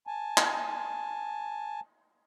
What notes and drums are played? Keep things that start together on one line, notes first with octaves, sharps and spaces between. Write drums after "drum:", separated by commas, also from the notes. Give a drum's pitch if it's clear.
G#5 A5
drum: clap